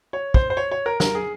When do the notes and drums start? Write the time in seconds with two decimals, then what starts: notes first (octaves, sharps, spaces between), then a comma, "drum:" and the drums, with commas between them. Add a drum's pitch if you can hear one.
0.13 C#5
0.34 C5, drum: kick
0.50 C5
0.57 C#5
0.71 C#5
0.86 A#4
1.00 A#4, drum: snare
1.15 G#4